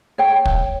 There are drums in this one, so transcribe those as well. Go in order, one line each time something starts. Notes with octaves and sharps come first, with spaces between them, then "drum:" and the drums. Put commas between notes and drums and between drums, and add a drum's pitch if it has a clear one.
C#5 G5
drum: kick